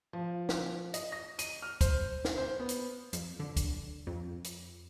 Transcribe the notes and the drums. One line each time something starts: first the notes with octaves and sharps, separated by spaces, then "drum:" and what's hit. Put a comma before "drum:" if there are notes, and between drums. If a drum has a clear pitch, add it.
F3
drum: snare
D#5, drum: hi-hat
A#6
D#7, drum: hi-hat
F6
C5, drum: kick, hi-hat
drum: snare
C5
B3
drum: hi-hat
F2, drum: hi-hat
D3
drum: kick, hi-hat
F2
drum: hi-hat